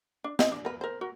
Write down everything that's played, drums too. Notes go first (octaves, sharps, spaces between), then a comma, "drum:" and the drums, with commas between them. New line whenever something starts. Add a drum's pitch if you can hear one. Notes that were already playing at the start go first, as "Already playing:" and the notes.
D4
C4 E4 D#5, drum: snare
D4
A#4 B4
A#4 C5
F#4 A#4